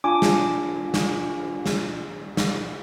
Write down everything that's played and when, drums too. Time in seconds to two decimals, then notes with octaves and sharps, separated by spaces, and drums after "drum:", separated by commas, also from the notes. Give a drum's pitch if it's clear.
0.04 D4 F4 G#5 D6
0.22 drum: snare
0.94 drum: snare
1.66 drum: snare
2.37 drum: snare